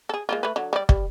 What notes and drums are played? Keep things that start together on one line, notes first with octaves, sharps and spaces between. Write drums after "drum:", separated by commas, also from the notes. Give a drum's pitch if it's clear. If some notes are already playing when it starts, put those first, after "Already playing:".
G#4 A4
G#3 A#3 F4
A3 B4
D3 F#3
G3 D5
G3, drum: kick